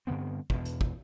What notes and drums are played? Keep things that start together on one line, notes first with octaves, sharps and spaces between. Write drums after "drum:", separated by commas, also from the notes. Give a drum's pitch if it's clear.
G2 D3 B3 C4
E2 B2, drum: kick
drum: hi-hat
drum: kick